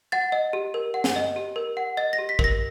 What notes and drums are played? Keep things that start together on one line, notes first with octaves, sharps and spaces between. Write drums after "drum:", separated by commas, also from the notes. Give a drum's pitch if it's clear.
F#5 A6
D#5
G4
A#4
F#5
drum: snare
D#5
G4
A#4
F#5
D#5 A6
A#6
G4
B6
A#4, drum: kick
A#6